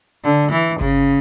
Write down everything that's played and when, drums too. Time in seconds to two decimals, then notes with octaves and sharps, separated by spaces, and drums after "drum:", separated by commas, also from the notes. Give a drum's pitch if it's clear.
0.24 D3, drum: hi-hat
0.52 E3, drum: hi-hat
0.81 C#3, drum: kick G1, hi-hat